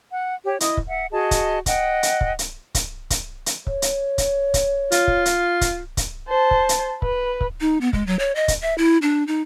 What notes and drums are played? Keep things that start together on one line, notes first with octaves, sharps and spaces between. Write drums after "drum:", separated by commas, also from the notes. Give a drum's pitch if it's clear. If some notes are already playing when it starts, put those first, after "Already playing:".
F#5
G4 C#5
E4 D#5 D#6, drum: hi-hat
drum: kick C#1
E5 F#5
F#4 G#4 D#5 A5
drum: kick C#1, hi-hat
D#5 F#5 G5, drum: kick C#1, hi-hat
drum: hi-hat
drum: kick C#1
drum: hi-hat
drum: kick C#1, hi-hat
drum: kick C#1, hi-hat
drum: hi-hat
C#5, drum: kick C#1
drum: hi-hat
drum: kick C#1, hi-hat
drum: kick C#1, hi-hat
F4, drum: hi-hat
drum: kick C#1
drum: hi-hat
drum: kick C#1, hi-hat
drum: kick C#1, hi-hat
C5 A5
drum: kick C#1
drum: hi-hat
B4, drum: kick C#1
drum: kick C#1
D#4
B3
G#3, drum: kick C#1
F#3
C#5
D#5
drum: kick C#1, hi-hat
E5
E4
D4
D#4